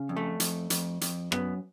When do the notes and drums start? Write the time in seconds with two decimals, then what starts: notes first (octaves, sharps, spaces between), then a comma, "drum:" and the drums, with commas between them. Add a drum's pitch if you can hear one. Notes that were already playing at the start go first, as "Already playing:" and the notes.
Already playing: C#3
0.09 F2
0.16 A3
0.40 F2, drum: hi-hat
0.70 F2, drum: hi-hat
1.01 F2, drum: hi-hat
1.32 F#2 B3, drum: rim click